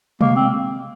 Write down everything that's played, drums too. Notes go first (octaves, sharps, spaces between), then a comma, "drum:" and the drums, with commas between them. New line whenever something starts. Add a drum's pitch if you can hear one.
G#3 A#3, drum: tom B2
C4